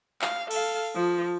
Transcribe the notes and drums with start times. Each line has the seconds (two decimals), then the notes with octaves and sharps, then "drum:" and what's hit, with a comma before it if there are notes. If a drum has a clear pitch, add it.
0.22 F5, drum: clap
0.51 A4 F5, drum: cymbal
0.95 F3